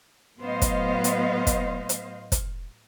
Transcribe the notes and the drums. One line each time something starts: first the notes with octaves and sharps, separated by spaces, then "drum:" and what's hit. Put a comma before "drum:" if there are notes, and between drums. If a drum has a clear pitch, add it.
A2 F#3 B3 C5 D#5 F5
drum: kick, hi-hat
drum: hi-hat
drum: kick, hi-hat
drum: hi-hat
drum: kick, hi-hat